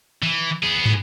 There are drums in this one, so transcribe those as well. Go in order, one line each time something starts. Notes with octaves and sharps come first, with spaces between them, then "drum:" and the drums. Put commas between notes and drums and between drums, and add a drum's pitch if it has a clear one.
E3
B3 G#4
drum: tom